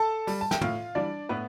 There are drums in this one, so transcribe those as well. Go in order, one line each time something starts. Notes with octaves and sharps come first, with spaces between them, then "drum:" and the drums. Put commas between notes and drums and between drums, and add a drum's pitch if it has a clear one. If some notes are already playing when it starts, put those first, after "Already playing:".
Already playing: A4 A5
G3, drum: open hi-hat
A5
G5, drum: snare
A2 F4 F5, drum: tom
E3 G3 D4 D5
A2 B3 B4